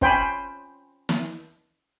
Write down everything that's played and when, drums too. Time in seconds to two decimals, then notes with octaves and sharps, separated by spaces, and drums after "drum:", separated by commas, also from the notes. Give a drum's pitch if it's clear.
0.01 C#4 C5 G5 G#5 B5, drum: kick
1.09 drum: snare